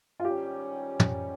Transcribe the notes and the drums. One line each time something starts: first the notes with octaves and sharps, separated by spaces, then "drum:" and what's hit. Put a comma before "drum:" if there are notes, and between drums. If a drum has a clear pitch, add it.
F4
G#2 D#3 G3 C#4 G4
drum: tom